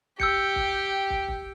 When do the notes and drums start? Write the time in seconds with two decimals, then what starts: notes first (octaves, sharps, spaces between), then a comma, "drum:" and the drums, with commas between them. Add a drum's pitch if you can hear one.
0.20 G4 G5 E6 G6 C#7, drum: kick
0.56 drum: kick
1.10 drum: kick
1.28 drum: kick